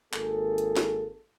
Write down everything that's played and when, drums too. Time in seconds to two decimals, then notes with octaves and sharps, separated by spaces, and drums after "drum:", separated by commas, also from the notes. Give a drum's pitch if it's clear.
0.13 G#1 A#3 G#4 A4, drum: clap
0.58 drum: hi-hat
0.76 drum: snare